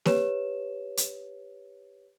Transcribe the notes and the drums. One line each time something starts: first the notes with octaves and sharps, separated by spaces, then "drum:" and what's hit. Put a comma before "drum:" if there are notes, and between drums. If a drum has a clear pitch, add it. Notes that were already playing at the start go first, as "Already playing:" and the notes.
G4 B4 C#5 E7, drum: snare A#3
drum: hi-hat